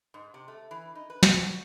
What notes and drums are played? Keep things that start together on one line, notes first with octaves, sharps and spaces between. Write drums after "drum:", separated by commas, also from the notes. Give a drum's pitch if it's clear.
G#2
C3
A3
E3
D#4
B4
C4, drum: snare
F#4